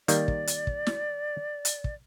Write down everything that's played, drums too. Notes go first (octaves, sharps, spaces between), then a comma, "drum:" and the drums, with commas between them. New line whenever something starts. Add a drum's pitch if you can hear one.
D#3 G3 A#3 D5, drum: hi-hat
drum: kick
drum: hi-hat
drum: kick
drum: snare
drum: hi-hat
drum: kick